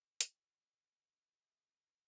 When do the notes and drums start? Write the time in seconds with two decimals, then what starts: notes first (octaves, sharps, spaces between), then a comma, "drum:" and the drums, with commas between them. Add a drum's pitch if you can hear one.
0.21 F3 G5, drum: hi-hat
1.40 G4 G#4 E5 D#6 A6 A#6